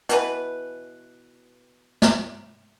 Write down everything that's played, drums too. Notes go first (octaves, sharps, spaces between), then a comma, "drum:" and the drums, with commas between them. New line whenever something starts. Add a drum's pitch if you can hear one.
B2 E3 B4, drum: hi-hat
drum: snare